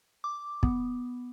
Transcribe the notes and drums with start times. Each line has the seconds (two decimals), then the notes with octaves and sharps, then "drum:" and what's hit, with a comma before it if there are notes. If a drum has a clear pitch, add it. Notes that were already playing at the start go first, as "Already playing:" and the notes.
0.24 D6
0.63 B3, drum: kick